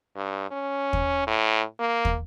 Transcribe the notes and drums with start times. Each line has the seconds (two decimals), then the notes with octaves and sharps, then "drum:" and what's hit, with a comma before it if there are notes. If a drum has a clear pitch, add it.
0.16 G2
0.51 C#4
0.93 drum: kick
1.27 A2
1.80 A#3
2.05 drum: kick